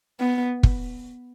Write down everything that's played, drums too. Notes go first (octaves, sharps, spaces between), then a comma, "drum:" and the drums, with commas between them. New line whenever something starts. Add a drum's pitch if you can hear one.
B3
drum: kick